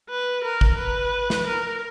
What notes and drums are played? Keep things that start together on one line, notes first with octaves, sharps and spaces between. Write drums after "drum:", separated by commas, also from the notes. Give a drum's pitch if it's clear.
B4
A#4
drum: kick A1
B4
drum: snare
A#4